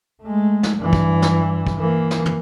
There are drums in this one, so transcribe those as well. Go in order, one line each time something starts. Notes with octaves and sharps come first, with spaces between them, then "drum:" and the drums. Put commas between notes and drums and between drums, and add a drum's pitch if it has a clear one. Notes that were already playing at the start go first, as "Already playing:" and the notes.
G#3 A3
drum: snare
G2 E3
drum: kick
drum: snare
drum: kick
E3 A#3
drum: snare
drum: tom